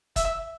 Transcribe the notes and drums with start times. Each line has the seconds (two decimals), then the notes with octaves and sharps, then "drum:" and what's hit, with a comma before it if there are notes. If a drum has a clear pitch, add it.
0.16 E5, drum: kick F#1, hi-hat